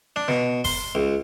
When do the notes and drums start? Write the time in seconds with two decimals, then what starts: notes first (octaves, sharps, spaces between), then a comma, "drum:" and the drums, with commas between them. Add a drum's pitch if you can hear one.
0.16 D4
0.28 B2, drum: snare
0.64 C6, drum: kick F#1, open hi-hat
0.95 C#2